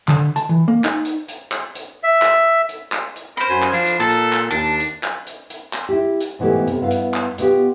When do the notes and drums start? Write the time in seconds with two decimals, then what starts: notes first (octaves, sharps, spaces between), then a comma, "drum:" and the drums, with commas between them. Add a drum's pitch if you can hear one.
0.08 D3, drum: clap
0.36 A5, drum: hi-hat
0.49 E3
0.68 A#3
0.84 D#4, drum: clap
1.05 drum: hi-hat
1.28 drum: hi-hat
1.52 drum: clap
1.75 drum: hi-hat
2.03 E5
2.22 drum: clap
2.69 drum: hi-hat
2.92 drum: clap
3.16 drum: hi-hat
3.37 A#4 C5 B5
3.50 F#2 G#5
3.63 drum: clap
3.73 F3 D4
3.86 drum: hi-hat
4.00 A#2 A4 A5
4.09 drum: hi-hat
4.33 drum: clap
4.51 D#2 D4 A5
4.80 drum: hi-hat
5.03 drum: clap
5.27 drum: hi-hat
5.50 drum: hi-hat
5.73 drum: clap
5.89 E4 G4
6.20 drum: hi-hat
6.39 G#2 B2 E3 G#3 A3 G4
6.67 C3, drum: hi-hat
6.81 G2 B3 E4 B4 F5
6.91 drum: hi-hat
7.14 drum: clap
7.38 B2 B3 F4 G4, drum: hi-hat